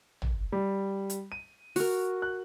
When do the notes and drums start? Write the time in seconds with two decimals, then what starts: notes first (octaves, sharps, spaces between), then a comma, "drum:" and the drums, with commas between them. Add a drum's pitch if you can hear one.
0.22 drum: tom
0.52 G3
1.10 drum: hi-hat
1.32 D#7
1.76 F#4 A#4, drum: open hi-hat
2.22 F#6